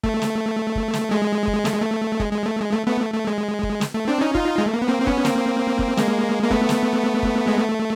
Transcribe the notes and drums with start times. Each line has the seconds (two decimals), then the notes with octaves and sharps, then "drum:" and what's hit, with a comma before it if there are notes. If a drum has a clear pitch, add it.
0.04 A3, drum: kick
0.22 drum: snare
0.76 drum: kick
0.93 drum: snare
1.11 G#3
1.47 drum: kick
1.65 A3, drum: snare
1.74 G#3
1.80 A3
2.20 G#3, drum: kick
2.33 G#3
2.46 A3
2.60 G#3
2.73 A3
2.87 A3 B3
3.01 A3
3.14 A3
3.27 G#3
3.63 drum: kick
3.81 drum: snare
3.94 A3
4.08 C4 D4
4.21 C#4 D#4
4.35 D#4 F4, drum: kick
4.58 G#3
4.66 A3
4.74 A#3
4.82 B3
4.89 A#3 C4
5.01 C4
5.07 B3 C#4, drum: kick
5.25 A#3 C4, drum: snare
5.79 drum: kick
5.97 G#3 A#3, drum: snare
6.43 A#3
6.51 A3 B3, drum: kick
6.69 drum: snare
7.23 drum: kick
7.47 G#3
7.58 A3